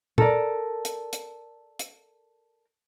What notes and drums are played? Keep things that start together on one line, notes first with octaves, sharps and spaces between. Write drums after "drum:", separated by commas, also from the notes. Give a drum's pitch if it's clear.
A4 A#4 D5, drum: tom
drum: hi-hat
drum: hi-hat
drum: hi-hat